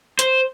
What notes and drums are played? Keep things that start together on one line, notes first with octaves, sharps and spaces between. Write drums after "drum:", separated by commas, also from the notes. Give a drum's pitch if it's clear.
C5, drum: hi-hat